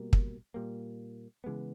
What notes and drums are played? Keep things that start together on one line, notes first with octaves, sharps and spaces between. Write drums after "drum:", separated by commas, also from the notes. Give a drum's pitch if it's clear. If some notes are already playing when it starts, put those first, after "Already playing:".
Already playing: B2 G3 A#3
drum: kick
A#2 G3 A#3
C#3 E3 G#3 B3